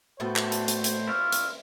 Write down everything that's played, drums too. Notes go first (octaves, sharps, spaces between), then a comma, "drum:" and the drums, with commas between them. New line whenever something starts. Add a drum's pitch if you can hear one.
A2 A3 B3 F#4 C5
drum: clap
drum: hi-hat
drum: hi-hat
drum: hi-hat
E4 F4 C#6
drum: hi-hat